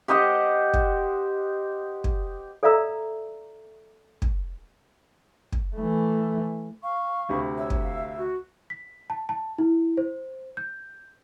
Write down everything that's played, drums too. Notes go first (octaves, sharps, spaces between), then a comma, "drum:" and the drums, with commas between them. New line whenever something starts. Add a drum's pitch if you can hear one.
G4 C5 D#5 F#5
drum: kick
drum: kick
A4 D5 E5 F5 A#5 E6
drum: kick
drum: kick
E3 A3
F5 C#6
D2 C3 B5
C#5 E5
drum: kick
F5
F#4
B6
A5
A5
E4
C5
G6